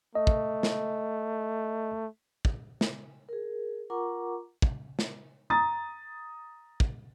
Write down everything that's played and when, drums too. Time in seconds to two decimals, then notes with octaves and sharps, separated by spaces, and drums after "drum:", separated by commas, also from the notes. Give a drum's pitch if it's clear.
0.15 A3 D#5
0.27 drum: kick
0.63 drum: snare
2.45 drum: kick
2.81 drum: snare
3.29 G#4 A#4
3.90 F4 A#4 F#5 A#5 C#6 D6
4.62 drum: kick
4.99 drum: snare
5.50 A#5 D#6 A6
6.80 drum: kick